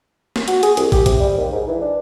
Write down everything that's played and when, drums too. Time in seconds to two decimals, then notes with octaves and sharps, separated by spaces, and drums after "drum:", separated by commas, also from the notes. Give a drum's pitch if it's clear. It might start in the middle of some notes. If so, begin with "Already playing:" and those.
0.36 drum: snare
0.48 F#4, drum: hi-hat
0.63 G#4, drum: hi-hat
0.77 C2, drum: hi-hat
0.92 G4, drum: kick, open hi-hat
1.06 C3, drum: kick, hi-hat
1.20 G3
1.37 D#2
1.52 G#2
1.68 E3
1.82 D4